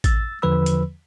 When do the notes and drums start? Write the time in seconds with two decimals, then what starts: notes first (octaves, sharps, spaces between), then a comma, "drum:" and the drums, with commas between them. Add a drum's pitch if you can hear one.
0.04 E6 A6, drum: kick A1, hi-hat
0.42 E2 D3 F3 B4 B5 E6
0.66 drum: hi-hat